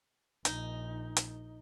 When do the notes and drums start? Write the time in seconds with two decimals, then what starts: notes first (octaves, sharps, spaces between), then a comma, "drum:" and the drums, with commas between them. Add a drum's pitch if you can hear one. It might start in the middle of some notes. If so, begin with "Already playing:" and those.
0.45 A#1 D#4, drum: hi-hat
1.17 drum: hi-hat